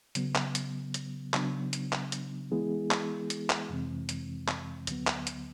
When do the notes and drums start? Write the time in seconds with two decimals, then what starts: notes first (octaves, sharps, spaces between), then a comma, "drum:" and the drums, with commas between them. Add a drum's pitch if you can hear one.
0.15 C#3 F#3 B3, drum: hi-hat
0.35 drum: clap
0.55 drum: hi-hat
0.94 drum: hi-hat
1.34 C#3 F#3 B3 D4, drum: clap
1.73 drum: hi-hat
1.93 drum: clap
2.12 drum: hi-hat
2.51 E3 G#3 B3 E4 G#4
2.91 drum: clap
3.30 drum: hi-hat
3.50 drum: clap
3.69 F2 C3 E3 G#3 C4
4.09 drum: hi-hat
4.48 drum: clap
4.87 D2 D3 F#3 B3, drum: hi-hat
5.07 drum: clap
5.27 drum: hi-hat